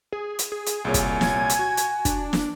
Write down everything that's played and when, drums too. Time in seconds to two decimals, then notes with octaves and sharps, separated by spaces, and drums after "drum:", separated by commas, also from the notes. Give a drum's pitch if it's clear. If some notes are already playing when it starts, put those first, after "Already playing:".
0.12 G#4
0.39 drum: hi-hat
0.52 G#4
0.67 drum: hi-hat
0.85 C2 A#2 C#5 G#5
0.94 drum: kick, hi-hat
1.21 G#6, drum: snare
1.50 drum: hi-hat
1.59 F#4
1.77 drum: hi-hat
2.05 D4, drum: kick, hi-hat
2.33 drum: snare